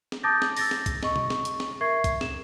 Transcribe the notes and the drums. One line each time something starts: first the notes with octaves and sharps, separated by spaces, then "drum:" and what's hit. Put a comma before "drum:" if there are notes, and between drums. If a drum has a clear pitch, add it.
drum: snare
A5 D6 D#6 G6 A6 A#6
drum: snare
E6 A6 A#6, drum: open hi-hat
drum: snare
drum: kick, hi-hat
D#5 C#6, drum: snare
drum: tom B2
drum: snare
drum: hi-hat
drum: snare
A#4 E5 C#6 G#6 C7
drum: kick, hi-hat
E7, drum: snare